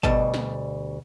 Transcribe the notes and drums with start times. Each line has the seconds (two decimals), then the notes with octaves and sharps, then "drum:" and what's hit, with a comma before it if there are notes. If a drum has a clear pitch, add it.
0.03 D2 B2 G3 D#5 A5, drum: kick
0.34 drum: snare